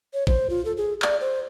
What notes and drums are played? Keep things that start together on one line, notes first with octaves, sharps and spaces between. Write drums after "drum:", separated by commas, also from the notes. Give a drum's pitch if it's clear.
C#5
C5, drum: kick
F4
A4
G#4
D5, drum: clap
C5